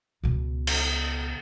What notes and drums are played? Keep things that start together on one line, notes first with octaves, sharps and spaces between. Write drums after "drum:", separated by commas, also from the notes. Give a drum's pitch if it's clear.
C#2 B2
drum: cymbal